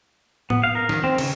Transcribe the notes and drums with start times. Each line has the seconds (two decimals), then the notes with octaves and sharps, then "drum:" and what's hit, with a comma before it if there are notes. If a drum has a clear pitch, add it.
0.50 B3, drum: tom A2
0.64 F5
0.75 A#4
0.89 D#3, drum: snare
1.04 C4
1.18 C#3, drum: cymbal